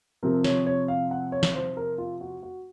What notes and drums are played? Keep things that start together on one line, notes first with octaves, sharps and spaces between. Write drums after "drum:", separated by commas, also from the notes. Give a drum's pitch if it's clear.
C3 F3 C4 A#4
C#5, drum: snare
C#5
F5
F#5
C#5
drum: snare
C5
A#4
F4
F#4
F#4